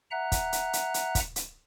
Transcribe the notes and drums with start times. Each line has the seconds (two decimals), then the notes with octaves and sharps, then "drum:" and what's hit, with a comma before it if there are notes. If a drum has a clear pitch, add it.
0.11 E5 F#5 A#5 F#6
0.32 drum: kick, hi-hat
0.53 drum: hi-hat
0.73 drum: hi-hat
0.94 drum: hi-hat
1.15 drum: kick, hi-hat
1.36 drum: hi-hat